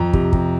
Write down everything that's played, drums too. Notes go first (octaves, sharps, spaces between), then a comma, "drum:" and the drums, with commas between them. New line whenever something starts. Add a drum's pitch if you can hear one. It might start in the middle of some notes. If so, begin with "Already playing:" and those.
Already playing: F2 F3 A#5
C3, drum: kick
C3, drum: kick